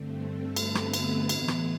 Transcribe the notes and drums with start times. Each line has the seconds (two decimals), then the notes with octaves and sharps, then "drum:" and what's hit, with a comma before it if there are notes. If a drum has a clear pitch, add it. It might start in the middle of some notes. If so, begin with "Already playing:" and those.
Already playing: G2 D3 A3 C4
0.21 A4
0.56 B3 B4, drum: cymbal
0.75 drum: rim click
0.94 drum: cymbal
1.29 A2 E3 B3, drum: cymbal
1.48 drum: rim click